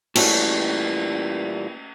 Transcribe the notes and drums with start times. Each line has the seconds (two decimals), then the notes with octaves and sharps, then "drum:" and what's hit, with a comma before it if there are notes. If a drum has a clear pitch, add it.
0.15 A#2 E3 G3 A3 C#4 F#4, drum: cymbal